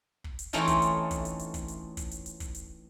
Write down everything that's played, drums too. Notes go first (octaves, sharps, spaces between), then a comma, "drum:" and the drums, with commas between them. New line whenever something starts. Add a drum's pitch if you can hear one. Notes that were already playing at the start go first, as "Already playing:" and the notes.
drum: kick
drum: hi-hat
E3 A3 C4 C#4 D#4 F4, drum: hi-hat
drum: kick, hi-hat
drum: hi-hat
drum: kick, hi-hat
drum: hi-hat
drum: hi-hat
drum: kick, hi-hat
drum: hi-hat
drum: kick, hi-hat
drum: hi-hat
drum: hi-hat
drum: kick, hi-hat
drum: hi-hat